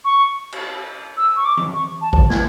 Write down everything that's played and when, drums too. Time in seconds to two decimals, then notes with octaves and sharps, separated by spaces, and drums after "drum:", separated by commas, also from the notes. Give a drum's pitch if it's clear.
0.05 C#6
0.52 drum: cymbal
1.17 E6
1.36 C#6
1.45 D6
1.57 drum: tom E3
1.74 C#6
2.01 A5
2.13 drum: kick A1
2.30 G#6, drum: snare